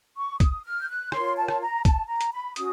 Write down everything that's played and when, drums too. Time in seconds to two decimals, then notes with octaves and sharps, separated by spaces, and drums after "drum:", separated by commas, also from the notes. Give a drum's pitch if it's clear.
0.17 C#6
0.40 D#6, drum: kick, hi-hat
0.64 F6
0.80 G6
0.88 F#6
1.12 F4 A#4 C#5 C6, drum: rim click
1.37 A5
1.48 drum: rim click
1.61 A#5
1.85 A5, drum: kick, hi-hat
2.09 A#5
2.21 drum: hi-hat
2.33 B5
2.56 C#4 F#4 D#6, drum: hi-hat